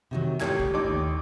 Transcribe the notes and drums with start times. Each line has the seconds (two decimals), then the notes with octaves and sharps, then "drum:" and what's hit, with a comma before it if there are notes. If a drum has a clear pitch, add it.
0.11 C3 D#3 F#3
0.40 A1 G4 G#6, drum: clap
0.60 drum: kick G#1
0.74 A1 D#4 D6
0.90 D#2